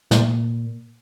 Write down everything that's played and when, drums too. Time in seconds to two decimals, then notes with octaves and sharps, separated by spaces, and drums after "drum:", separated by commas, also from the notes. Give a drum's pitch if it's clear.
0.11 A#2, drum: snare